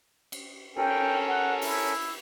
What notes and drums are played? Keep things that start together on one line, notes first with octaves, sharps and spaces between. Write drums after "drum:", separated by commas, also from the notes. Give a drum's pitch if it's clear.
drum: cymbal
C#4 A4 A#4 G5, drum: cymbal
F#5
E4, drum: open hi-hat